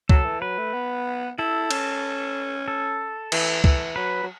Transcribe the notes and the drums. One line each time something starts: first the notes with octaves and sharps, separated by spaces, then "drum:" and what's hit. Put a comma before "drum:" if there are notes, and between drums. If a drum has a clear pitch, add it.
F#3 A4, drum: kick C#2
E3
F#3 B4
A3
B3
E4 A4
C#4, drum: cymbal
A4
E3, drum: cymbal
E3, drum: kick C#2
F#3 B4
F#3